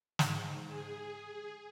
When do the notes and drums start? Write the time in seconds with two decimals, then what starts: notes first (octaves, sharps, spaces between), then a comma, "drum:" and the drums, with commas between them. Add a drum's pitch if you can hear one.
0.19 G#2, drum: snare
0.68 G#4